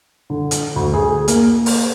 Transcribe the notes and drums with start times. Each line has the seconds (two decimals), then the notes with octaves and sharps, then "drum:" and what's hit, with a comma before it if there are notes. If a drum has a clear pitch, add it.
0.30 D3
0.51 drum: hi-hat
0.76 D2
0.94 G#4
1.28 A#3, drum: hi-hat
1.66 drum: open hi-hat